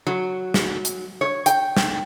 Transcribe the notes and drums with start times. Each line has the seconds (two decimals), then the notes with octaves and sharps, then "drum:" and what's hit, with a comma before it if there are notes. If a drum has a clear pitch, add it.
0.07 F#3
0.54 drum: snare
0.85 drum: hi-hat
1.21 C#5
1.46 G5, drum: hi-hat
1.77 drum: snare